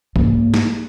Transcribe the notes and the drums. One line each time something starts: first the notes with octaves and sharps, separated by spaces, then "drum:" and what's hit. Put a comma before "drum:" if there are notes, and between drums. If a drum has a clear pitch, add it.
G#2 A#3, drum: kick
drum: snare